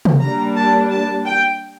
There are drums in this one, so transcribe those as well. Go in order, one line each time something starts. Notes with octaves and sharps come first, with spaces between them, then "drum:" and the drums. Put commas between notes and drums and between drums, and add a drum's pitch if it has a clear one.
drum: tom
G3 A#3 D4 A#5
A5
A5
G5